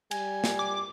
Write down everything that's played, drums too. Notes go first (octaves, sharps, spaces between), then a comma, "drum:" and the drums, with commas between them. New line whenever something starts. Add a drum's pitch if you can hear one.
G3 G#5, drum: cymbal
drum: snare
D6